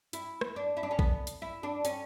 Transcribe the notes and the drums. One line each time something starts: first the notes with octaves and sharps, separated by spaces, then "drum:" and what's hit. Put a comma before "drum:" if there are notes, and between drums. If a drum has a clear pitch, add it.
E4, drum: hi-hat
drum: rim click
D4
E4
D4
C#4
B3, drum: kick A#1
drum: hi-hat
E4
D4
C#4, drum: hi-hat